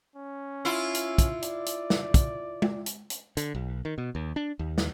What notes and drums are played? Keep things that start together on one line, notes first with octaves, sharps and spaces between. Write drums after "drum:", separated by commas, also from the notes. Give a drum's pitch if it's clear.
C#4
E4 F4
drum: hi-hat
drum: kick, hi-hat
D5, drum: hi-hat
drum: hi-hat
drum: snare
drum: kick, hi-hat
drum: tom G#3
drum: hi-hat
drum: hi-hat
D3, drum: hi-hat
B1
D#3
B2
D#2
D4
D#2
drum: snare